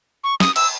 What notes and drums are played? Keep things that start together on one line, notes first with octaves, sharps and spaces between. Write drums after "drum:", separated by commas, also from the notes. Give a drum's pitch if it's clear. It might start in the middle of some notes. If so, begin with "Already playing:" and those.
C#6
D#6, drum: snare
E6, drum: cymbal